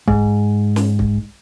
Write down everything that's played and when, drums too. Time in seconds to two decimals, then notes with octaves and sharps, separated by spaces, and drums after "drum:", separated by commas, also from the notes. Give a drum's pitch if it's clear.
0.08 G#2, drum: kick
0.76 drum: snare
0.99 drum: kick